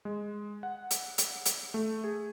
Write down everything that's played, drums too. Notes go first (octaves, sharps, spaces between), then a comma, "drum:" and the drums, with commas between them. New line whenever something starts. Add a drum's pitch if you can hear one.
G#3
F#5
drum: hi-hat
drum: hi-hat
drum: hi-hat
A3
G#4